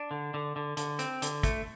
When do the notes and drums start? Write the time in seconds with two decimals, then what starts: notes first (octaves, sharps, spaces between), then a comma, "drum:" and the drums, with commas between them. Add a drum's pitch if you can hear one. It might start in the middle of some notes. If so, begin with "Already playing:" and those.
Already playing: D4
0.11 D3
0.34 D3
0.56 D3
0.77 D3, drum: hi-hat
0.99 C4, drum: hi-hat
1.22 D3, drum: hi-hat
1.43 A3, drum: kick, hi-hat